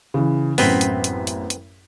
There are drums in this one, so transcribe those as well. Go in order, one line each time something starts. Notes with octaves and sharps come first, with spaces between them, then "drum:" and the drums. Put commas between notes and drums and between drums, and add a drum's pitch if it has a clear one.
C#3 E3
A1 F#2 B3 C4 B6, drum: open hi-hat
drum: hi-hat
drum: hi-hat
drum: hi-hat
drum: hi-hat